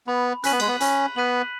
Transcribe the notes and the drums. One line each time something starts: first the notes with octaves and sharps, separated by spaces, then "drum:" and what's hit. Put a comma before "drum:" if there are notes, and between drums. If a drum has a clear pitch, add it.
B3 B5
C#4 F#6 B6 D#7 F#7, drum: hi-hat
B3
G#3, drum: cymbal
B3
C#4 B5, drum: hi-hat
B3 F#6 B6 D#7 F#7